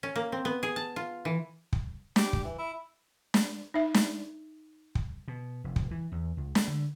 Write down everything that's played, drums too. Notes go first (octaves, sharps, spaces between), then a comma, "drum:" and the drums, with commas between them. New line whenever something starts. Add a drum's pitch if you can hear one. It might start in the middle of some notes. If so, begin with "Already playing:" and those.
C#4
A#3
C4
B3
G#4
A5
F4
E3
drum: kick
G4, drum: snare
drum: kick
E3
E4
drum: snare
D#4 E5
drum: snare
drum: kick
B2
F1
drum: kick
E3
E2
C#2
A3, drum: snare
D3